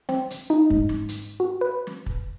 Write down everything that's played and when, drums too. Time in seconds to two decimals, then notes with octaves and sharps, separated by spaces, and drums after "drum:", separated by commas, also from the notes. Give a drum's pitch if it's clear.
0.09 C4, drum: snare
0.30 drum: hi-hat
0.50 D#4
0.70 G#2, drum: kick
0.89 drum: snare
1.09 drum: hi-hat
1.40 F#4
1.61 B4
1.87 drum: snare
2.06 drum: kick